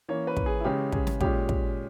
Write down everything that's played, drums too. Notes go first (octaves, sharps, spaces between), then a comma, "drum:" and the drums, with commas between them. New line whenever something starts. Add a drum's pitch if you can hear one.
E3 A#3 C#4 C#5
B4
drum: kick
G#4
E4
C#3 G#3 C#4 G4
G#4, drum: kick
drum: snare
A#2 G#3 C#4 G4, drum: kick
drum: kick